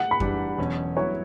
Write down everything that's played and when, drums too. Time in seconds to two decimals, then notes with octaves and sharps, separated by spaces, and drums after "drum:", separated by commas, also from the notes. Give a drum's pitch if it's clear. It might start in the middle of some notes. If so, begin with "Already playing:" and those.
Already playing: F#5
0.11 B5
0.20 G2 E3 G3 D4, drum: kick F2
0.58 E1 E2 B2 F#3 C#4
0.96 G2 F#3 B3 E4 B4 C#5